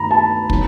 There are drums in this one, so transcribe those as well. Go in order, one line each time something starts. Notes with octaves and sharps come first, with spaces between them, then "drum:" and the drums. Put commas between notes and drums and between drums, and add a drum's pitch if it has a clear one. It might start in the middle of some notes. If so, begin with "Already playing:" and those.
Already playing: G2 D#3 A3 A#5 B5
A5
D#3 F#3 B3, drum: kick